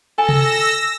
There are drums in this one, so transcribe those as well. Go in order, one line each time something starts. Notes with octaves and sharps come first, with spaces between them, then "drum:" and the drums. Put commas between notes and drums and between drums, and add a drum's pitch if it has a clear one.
A4 G#5 E6 A#6
drum: tom C3